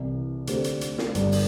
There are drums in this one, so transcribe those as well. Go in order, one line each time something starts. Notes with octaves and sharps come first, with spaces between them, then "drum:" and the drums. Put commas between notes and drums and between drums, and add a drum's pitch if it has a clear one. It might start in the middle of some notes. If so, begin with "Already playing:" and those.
Already playing: C2 C3 E3
D2 D3 C4 G4, drum: hi-hat
drum: hi-hat
drum: hi-hat
drum: snare
G1 G2 G3, drum: hi-hat
drum: open hi-hat